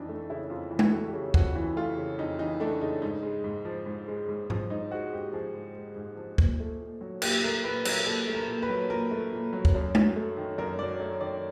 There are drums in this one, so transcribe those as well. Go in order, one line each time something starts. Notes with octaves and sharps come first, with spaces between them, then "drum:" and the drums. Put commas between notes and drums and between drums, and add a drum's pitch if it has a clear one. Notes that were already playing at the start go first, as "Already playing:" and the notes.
Already playing: F2 E3 D4 D#4
A3
C#3 E4
F2 F4
E3
F#4, drum: tom G#3
A3
G4
C#3
F2 F#4, drum: kick
E3
A3 F4
C#3
F2 D#4
E3 D#4
A3 D4
C#3 D#4
G#2 D#4
G#3
G#2
F3
G#2
G#3
G#2
F3, drum: tom G#2
G#2 D#4
G#3 F#4
G#2 G4
F3 G#4
G#2
G#3
G#2
F3
A#2, drum: kick
A3
A#2
F#3
A#2 G4, drum: cymbal
A3 A#4
A#2 B4
F#3 A#4, drum: cymbal
A#2 A4
A3
A#4
A#2
B4
F#3
A#2 A#4
A3
A#2
F#3
drum: kick
F#2
F#3, drum: tom G#3
A3
D#3
F#2 A#4
F#3 D5
A3 C#5
D#3 D5